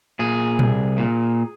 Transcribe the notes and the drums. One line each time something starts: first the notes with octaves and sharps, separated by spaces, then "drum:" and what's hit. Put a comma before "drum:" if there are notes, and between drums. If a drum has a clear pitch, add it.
A#2 G#4
C2, drum: tom A#2
A#2